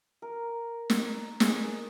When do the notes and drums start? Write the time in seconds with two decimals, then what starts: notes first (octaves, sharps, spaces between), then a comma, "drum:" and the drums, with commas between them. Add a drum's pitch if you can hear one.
0.22 A#4
0.90 drum: snare
1.40 G#4 C5 G#5, drum: snare